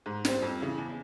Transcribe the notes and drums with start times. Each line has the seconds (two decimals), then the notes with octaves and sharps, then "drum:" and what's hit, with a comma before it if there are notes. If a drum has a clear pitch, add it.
0.06 G#2
0.25 G3 C4, drum: snare
0.42 F2
0.60 C#3 E3
0.78 E2